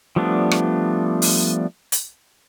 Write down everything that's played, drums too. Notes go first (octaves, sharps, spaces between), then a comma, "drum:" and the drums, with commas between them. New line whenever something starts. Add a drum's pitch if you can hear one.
F3 G3 A3 B3 D4
drum: rim click
drum: open hi-hat
drum: hi-hat